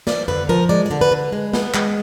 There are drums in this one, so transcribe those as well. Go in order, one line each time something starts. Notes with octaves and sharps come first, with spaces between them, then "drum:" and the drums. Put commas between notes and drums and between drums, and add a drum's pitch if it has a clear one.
F3 D5, drum: snare
D3 B4, drum: tom F2
F3 A#4
G#3 D5
D3 D5
B4
D3
G#3
B3, drum: snare
G#3, drum: clap